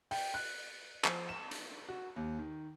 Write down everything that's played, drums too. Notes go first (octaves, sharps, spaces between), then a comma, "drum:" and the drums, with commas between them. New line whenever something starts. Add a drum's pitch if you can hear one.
G5, drum: open hi-hat
F#6
F3, drum: clap
E7
drum: hi-hat
F#4
D#2
D#3